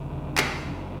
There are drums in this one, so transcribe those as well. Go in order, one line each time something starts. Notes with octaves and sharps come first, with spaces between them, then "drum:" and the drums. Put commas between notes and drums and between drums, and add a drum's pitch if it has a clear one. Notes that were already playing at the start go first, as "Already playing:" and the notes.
Already playing: F1 D#2 C#3
drum: clap
F#1 F#2 D3